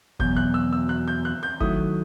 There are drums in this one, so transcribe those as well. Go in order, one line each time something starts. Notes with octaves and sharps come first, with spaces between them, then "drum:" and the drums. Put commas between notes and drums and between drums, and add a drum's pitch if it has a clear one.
E2 B2 F#3 G6, drum: kick
F#6
E6
E6
F#6
G6
F#6
G6
D#3 F#3 A3 E4 D#6, drum: kick